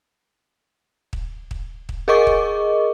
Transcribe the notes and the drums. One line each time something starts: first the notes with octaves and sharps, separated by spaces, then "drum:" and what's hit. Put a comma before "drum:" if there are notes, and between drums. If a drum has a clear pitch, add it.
drum: kick
drum: kick
drum: kick
G#4 A#4 D#5 C#6 D6
drum: kick